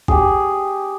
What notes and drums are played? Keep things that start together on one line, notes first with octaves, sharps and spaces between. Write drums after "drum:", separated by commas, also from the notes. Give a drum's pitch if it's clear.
G4 G#4, drum: kick G#1